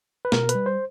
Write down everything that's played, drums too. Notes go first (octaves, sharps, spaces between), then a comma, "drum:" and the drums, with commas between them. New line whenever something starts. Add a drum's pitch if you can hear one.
B4
B2 A#4, drum: snare
B4, drum: hi-hat
G3
C5